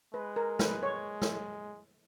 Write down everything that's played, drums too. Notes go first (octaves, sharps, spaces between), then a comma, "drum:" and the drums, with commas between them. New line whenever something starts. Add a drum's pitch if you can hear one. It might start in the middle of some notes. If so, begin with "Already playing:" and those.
G#3 B4
A#4
B4, drum: snare
C#5
drum: snare